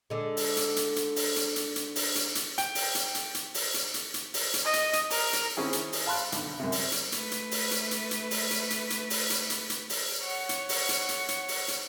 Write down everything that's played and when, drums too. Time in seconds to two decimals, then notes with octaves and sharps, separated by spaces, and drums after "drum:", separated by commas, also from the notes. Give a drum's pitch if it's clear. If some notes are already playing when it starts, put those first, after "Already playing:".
0.10 D3 G#3
0.37 drum: open hi-hat
0.57 drum: hi-hat
0.76 drum: hi-hat
0.96 drum: hi-hat
1.16 drum: open hi-hat
1.36 drum: hi-hat
1.56 drum: hi-hat
1.76 drum: hi-hat
1.96 drum: open hi-hat
2.15 drum: hi-hat
2.35 drum: hi-hat
2.58 G5, drum: hi-hat
2.75 drum: open hi-hat
2.95 drum: hi-hat
3.15 drum: hi-hat
3.35 drum: hi-hat
3.54 drum: open hi-hat
3.74 drum: hi-hat
3.94 drum: hi-hat
4.14 drum: hi-hat
4.34 drum: open hi-hat
4.54 drum: hi-hat
4.64 D#5
4.73 drum: hi-hat
4.93 drum: hi-hat
5.10 A#4, drum: open hi-hat
5.33 drum: hi-hat
5.57 D#3 C4 C#4 E4 G#4
5.73 drum: hi-hat
5.93 drum: open hi-hat
6.06 F5 A5 B5 C6 F#6
6.32 B1 D3, drum: hi-hat
6.60 F#2 C3
6.72 drum: open hi-hat
6.92 drum: hi-hat
7.12 A3 B4, drum: hi-hat
7.31 drum: hi-hat
7.51 drum: open hi-hat
7.71 drum: hi-hat
7.91 drum: hi-hat
8.11 drum: hi-hat
8.31 drum: open hi-hat
8.51 drum: hi-hat
8.70 drum: hi-hat
8.90 drum: hi-hat
9.10 drum: open hi-hat
9.30 drum: hi-hat
9.50 drum: hi-hat
9.70 drum: hi-hat
9.90 drum: open hi-hat
10.22 C#5 F#5
10.49 drum: hi-hat
10.69 drum: open hi-hat
10.89 drum: hi-hat
11.09 drum: hi-hat
11.28 drum: hi-hat
11.48 drum: open hi-hat
11.68 drum: hi-hat